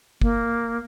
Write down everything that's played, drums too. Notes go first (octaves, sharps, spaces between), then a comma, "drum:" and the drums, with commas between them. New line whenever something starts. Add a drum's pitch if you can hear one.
A#3, drum: kick